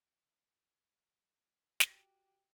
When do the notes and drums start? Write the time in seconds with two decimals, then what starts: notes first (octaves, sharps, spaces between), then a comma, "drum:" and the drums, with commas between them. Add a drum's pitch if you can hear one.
1.80 F#4 G4, drum: snare